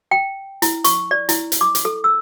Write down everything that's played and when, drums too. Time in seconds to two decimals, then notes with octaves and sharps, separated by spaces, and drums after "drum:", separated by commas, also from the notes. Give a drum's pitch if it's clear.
0.11 G5
0.62 E4, drum: hi-hat
0.84 C#6, drum: hi-hat
1.11 D5
1.29 E4, drum: hi-hat
1.52 drum: hi-hat
1.61 D6
1.75 drum: hi-hat
1.85 A4
2.04 E6